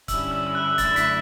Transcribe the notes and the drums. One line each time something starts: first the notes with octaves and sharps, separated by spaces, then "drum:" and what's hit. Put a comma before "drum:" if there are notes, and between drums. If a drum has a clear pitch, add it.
G2 D3 G3 C#4 E4 E6, drum: kick, hi-hat
E6
E6
F#6
F#2 D3 A3 E4 A6, drum: kick, hi-hat
B6, drum: hi-hat